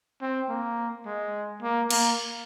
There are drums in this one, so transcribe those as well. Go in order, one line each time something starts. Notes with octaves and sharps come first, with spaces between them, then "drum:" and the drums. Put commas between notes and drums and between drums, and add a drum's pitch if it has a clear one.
C4
A#3
G#3
A#3
A#3, drum: cymbal